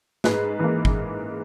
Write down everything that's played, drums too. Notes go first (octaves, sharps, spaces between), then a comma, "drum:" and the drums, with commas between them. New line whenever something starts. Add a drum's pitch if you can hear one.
G#2 G#4 B4, drum: snare
E3 A#3
drum: kick